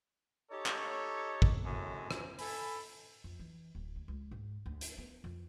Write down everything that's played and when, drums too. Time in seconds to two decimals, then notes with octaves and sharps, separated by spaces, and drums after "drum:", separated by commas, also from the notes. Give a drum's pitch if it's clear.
0.52 D#4 G4 A4 C#5
0.66 drum: clap
1.42 drum: kick
1.63 F#2 A2 G#3 A3 C4 G#5
2.11 drum: rim click
2.39 A4 G#5 B5, drum: open hi-hat
3.24 F2
3.39 E3
3.75 D1
3.96 D2
4.08 C#2
4.31 G#2
4.66 D2
4.81 drum: hi-hat
4.98 B3
5.24 F2